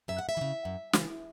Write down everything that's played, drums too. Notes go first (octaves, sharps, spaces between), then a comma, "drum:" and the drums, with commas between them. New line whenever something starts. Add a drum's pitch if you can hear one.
F#2 E5
F#5
E5
E3
C#3
F#2
C#3 E3, drum: snare